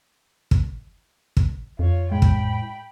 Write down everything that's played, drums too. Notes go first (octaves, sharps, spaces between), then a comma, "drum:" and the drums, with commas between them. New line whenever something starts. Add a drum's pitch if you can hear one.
drum: kick
drum: kick
F2 F4 C#5
A2 G#3 G5 B5
drum: kick